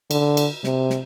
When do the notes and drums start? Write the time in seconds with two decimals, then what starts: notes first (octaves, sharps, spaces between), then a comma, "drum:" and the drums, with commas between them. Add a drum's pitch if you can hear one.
0.11 D3, drum: cymbal
0.37 drum: cymbal
0.64 C3, drum: snare
0.90 drum: snare